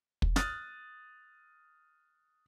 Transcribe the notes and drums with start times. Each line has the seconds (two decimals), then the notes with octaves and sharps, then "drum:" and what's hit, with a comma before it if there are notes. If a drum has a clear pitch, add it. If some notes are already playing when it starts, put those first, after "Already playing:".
0.22 drum: kick
0.36 D#6 F6 F#6 A6, drum: snare